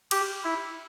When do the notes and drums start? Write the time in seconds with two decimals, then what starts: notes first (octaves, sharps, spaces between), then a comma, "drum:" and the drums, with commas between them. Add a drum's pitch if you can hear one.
0.11 G4, drum: cymbal
0.44 E4